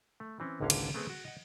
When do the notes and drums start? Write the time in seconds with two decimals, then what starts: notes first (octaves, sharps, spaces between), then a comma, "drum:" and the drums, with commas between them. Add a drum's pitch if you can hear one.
0.20 A3
0.40 E3 C4 C#4
0.61 G#1 C#2 D3 A#3 C#4 F5
0.70 drum: cymbal
0.94 A3 B3 C4 G#4 C#5
1.10 F#4
1.25 D#5 F#5